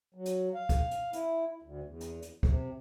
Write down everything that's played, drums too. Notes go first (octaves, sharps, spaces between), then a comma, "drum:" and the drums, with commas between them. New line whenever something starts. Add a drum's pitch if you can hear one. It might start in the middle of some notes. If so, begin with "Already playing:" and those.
F#3
drum: hi-hat
F5
drum: kick, hi-hat
drum: hi-hat
E4, drum: hi-hat
D2
E2
drum: hi-hat
drum: hi-hat
C3, drum: kick